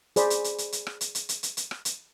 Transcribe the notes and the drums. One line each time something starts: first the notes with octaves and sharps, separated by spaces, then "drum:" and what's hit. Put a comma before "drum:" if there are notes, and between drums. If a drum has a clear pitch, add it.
G#4 C5 D5 B5, drum: hi-hat
drum: hi-hat
drum: hi-hat
drum: hi-hat
drum: hi-hat
drum: rim click
drum: hi-hat
drum: hi-hat
drum: hi-hat
drum: hi-hat
drum: hi-hat
drum: rim click
drum: hi-hat